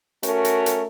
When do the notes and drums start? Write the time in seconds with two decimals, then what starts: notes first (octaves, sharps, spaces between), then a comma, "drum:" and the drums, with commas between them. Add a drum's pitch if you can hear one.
0.23 A3 C#4 F#4 A#4, drum: hi-hat
0.45 drum: hi-hat
0.66 drum: hi-hat